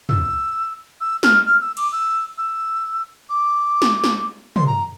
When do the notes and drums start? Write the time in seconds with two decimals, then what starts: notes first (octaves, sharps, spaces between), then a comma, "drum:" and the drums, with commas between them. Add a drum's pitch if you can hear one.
0.09 E6, drum: tom
1.01 E6
1.23 F6, drum: snare
1.46 F6
1.61 E6
1.77 D6, drum: cymbal
1.92 E6
2.38 E6
3.29 D6
3.82 drum: snare
4.04 drum: snare
4.56 C6, drum: tom
4.67 A#5